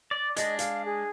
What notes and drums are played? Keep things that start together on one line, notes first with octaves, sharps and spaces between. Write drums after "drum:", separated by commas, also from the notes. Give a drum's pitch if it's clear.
D5
G#3 D4 D#5, drum: hi-hat
F5, drum: hi-hat
G#4